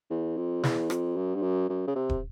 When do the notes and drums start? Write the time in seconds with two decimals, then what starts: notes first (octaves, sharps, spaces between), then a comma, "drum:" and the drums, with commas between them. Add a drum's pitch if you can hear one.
0.10 E2
0.37 F2
0.63 E2, drum: snare
0.90 F2, drum: rim click
1.16 F#2
1.35 G2
1.42 F#2
1.69 F#2
1.87 C#3
1.95 C3
2.09 drum: kick